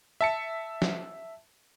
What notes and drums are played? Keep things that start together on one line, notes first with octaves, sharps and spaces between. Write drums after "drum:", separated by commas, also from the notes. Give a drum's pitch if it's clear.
E5 A5 C#7
drum: snare